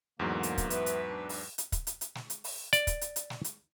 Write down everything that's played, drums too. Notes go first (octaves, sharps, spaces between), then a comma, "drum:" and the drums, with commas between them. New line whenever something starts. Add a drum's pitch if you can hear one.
E2 G#2 D3 F#3 A#3
drum: hi-hat
drum: kick, hi-hat
B3 E4 B4, drum: hi-hat
drum: hi-hat
D4
drum: open hi-hat
drum: hi-hat
drum: kick, hi-hat
drum: hi-hat
drum: hi-hat
drum: snare
drum: hi-hat
drum: open hi-hat
D5, drum: hi-hat
drum: kick, hi-hat
drum: hi-hat
drum: hi-hat
drum: snare
drum: hi-hat